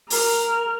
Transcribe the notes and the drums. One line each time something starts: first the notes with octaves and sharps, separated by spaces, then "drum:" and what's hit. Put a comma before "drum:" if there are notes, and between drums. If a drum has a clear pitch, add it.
A#4, drum: open hi-hat